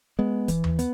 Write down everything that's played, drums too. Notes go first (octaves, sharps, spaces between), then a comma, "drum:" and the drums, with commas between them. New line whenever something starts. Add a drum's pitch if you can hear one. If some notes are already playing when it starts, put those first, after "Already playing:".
G#3 B3
E3, drum: kick, hi-hat
drum: tom D#2
B3, drum: hi-hat